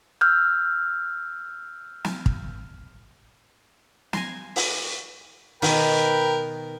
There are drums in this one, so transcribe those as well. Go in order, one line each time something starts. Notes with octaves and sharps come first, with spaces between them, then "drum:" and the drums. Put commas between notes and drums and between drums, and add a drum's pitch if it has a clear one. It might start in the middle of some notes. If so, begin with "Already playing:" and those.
E6 F6 G6
drum: snare
drum: kick
G#5 A#5 C6, drum: snare
drum: open hi-hat
B2 D#3 A#4 B4 G5, drum: open hi-hat